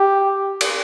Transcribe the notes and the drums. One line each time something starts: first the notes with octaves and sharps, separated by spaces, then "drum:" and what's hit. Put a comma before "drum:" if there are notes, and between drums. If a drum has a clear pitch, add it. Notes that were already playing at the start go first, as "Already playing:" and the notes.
Already playing: G4
drum: cymbal